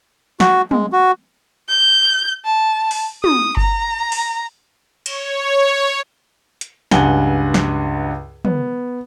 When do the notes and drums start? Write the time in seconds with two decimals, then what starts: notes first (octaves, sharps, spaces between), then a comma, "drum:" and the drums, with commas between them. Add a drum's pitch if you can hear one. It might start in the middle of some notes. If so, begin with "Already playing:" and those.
0.40 F#4, drum: snare
0.71 G#3, drum: tom
0.93 F#4
1.69 G6
2.45 A5
2.91 drum: open hi-hat
3.24 D#6, drum: tom
3.57 A#5, drum: kick G1
4.12 drum: open hi-hat
5.06 C#5, drum: cymbal
6.61 drum: hi-hat
6.91 C#2 G2 F#5 G#5 G7, drum: snare
7.54 drum: snare
8.45 B3, drum: tom